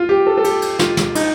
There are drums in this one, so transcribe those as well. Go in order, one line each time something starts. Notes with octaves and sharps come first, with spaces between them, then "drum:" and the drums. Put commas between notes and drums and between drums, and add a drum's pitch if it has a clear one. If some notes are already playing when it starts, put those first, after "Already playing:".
Already playing: F4
G4
A4
A4
G4, drum: cymbal
drum: cymbal
F4, drum: snare
drum: snare
D#4, drum: cymbal